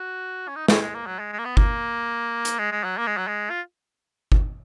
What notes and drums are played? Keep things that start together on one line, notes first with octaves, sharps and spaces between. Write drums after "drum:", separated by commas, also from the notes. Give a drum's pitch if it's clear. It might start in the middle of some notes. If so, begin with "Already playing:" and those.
Already playing: F#4
C#4
D#4
C#4, drum: snare
G#3
A#3
F#3
G#3
G#3
A#3
B3
A#3, drum: kick G1
drum: hi-hat
G#3
G#3
F#3
A#3
G#3
F#3
G#3
F4
drum: kick G1